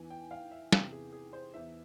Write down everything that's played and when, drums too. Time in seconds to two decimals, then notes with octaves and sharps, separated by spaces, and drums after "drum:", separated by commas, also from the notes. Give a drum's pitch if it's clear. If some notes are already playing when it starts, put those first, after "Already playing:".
Already playing: E2 E3 G#5
0.10 G5
0.31 F5
0.51 E5
0.72 E2 C3 E3 G4, drum: snare
0.92 G#4
1.13 G#4
1.33 C5
1.54 E2 E3 E5